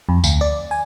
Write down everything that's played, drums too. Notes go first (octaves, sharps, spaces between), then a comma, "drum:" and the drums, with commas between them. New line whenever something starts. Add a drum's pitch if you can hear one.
F2
D2, drum: tambourine
D5
G#5